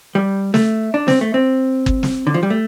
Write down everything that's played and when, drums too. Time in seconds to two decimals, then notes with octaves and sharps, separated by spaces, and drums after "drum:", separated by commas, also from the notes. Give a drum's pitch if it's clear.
0.15 G3
0.54 A3, drum: snare
0.94 D4
1.08 C4, drum: snare
1.21 A3
1.34 C4
1.86 drum: kick
2.03 drum: snare
2.27 D3
2.34 F3
2.43 G3
2.50 A3